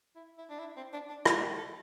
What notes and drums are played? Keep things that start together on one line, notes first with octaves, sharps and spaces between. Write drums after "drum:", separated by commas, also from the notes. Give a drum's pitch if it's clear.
E4
E4
D4
E4
C4
D4
D4
E4, drum: rim click
G4
A4